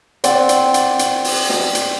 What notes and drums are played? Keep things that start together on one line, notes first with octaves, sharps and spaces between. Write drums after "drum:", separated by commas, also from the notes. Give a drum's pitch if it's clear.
C4 D5 F#5, drum: hi-hat
drum: hi-hat
drum: hi-hat
drum: hi-hat
drum: open hi-hat
drum: snare
drum: hi-hat